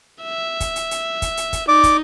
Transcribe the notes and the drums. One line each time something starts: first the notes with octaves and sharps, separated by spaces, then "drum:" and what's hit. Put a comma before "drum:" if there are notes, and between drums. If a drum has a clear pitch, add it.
E5
drum: kick, hi-hat
drum: hi-hat
drum: hi-hat
drum: kick, hi-hat
drum: hi-hat
drum: kick, hi-hat
D#4 D5 D6
drum: kick, hi-hat